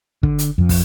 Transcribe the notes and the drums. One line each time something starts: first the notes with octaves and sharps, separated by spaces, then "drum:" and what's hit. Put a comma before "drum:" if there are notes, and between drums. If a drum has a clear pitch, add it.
D3, drum: kick
drum: hi-hat
F2 F3
drum: kick, open hi-hat